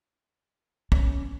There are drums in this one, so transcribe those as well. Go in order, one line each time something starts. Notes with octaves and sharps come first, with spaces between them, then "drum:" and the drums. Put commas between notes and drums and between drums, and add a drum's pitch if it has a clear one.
C#4, drum: kick